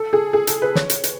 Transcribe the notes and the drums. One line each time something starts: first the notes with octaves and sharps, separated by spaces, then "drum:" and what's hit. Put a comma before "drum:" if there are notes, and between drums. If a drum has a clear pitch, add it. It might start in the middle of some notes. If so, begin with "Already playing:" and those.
Already playing: A4
G#4
G#4
A4, drum: hi-hat
B4
C#5, drum: snare
drum: hi-hat
drum: hi-hat